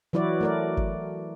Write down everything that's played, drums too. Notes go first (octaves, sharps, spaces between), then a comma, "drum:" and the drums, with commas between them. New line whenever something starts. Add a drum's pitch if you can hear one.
E3 F#3 E4 F#4 D5
A3 A#4 D5
drum: kick G#1